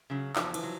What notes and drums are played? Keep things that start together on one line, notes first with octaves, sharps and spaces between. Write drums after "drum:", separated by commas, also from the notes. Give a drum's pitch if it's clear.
C#3 F#3
E2 F3, drum: clap
E3, drum: cymbal
F#3